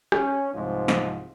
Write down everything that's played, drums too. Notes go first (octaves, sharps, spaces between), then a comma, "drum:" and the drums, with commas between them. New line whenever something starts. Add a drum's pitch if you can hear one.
C#4, drum: rim click
C2 G#2 F3
drum: snare